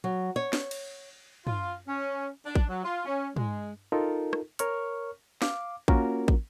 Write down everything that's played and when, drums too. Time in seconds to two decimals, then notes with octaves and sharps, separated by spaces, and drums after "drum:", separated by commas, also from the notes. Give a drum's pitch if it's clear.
0.04 F#3
0.36 C#5
0.53 drum: snare
0.71 drum: cymbal
1.47 F4, drum: tom
1.88 C#4
2.46 D4
2.55 drum: kick
2.70 F#3
2.84 F4
3.06 C#4
3.36 G#3, drum: tom
3.92 D#4 F4 A4 A#4
4.33 drum: rim click
4.59 A#4 C#5 C#6 F6, drum: hi-hat
5.42 F5 D6, drum: snare
5.88 A#3 C#4 F4 F#4 A#4, drum: kick
6.28 drum: kick